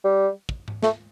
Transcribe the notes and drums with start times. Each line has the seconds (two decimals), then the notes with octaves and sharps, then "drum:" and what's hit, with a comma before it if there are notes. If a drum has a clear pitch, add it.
0.04 G3
0.49 drum: kick
0.68 drum: tom G#2
0.83 A3, drum: snare